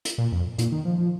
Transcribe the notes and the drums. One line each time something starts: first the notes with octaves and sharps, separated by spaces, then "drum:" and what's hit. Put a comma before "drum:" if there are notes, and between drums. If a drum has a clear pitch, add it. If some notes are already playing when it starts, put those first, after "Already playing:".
drum: hi-hat
A#2
F2
A#2, drum: hi-hat
D#3
F3
F3